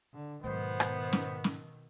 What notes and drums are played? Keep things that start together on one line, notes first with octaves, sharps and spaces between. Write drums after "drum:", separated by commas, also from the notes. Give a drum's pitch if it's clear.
D3
G#2 B2 D#3 F#3 B3 C5
drum: rim click
drum: snare
drum: snare